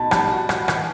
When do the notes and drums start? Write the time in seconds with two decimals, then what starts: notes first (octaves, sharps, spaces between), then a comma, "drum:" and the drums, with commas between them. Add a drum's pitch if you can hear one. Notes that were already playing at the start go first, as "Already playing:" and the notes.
Already playing: B2 D#4 A5 B5
0.11 G3 A5, drum: rim click
0.31 F#4
0.49 F#4, drum: rim click
0.68 E3, drum: rim click